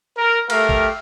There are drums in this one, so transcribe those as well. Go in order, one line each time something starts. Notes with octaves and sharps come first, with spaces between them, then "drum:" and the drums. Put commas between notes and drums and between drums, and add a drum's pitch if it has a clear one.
A#4
A3 G4 A#4 F5, drum: cymbal
drum: kick